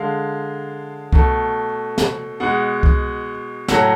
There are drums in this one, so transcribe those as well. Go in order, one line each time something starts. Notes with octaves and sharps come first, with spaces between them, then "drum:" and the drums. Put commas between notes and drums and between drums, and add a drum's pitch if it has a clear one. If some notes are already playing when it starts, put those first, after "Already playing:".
Already playing: D3 G#3 F5
B2 A3, drum: kick C2
drum: snare
B2 G#3 F#5
drum: kick C2
A2 F#3 A3 F#5, drum: snare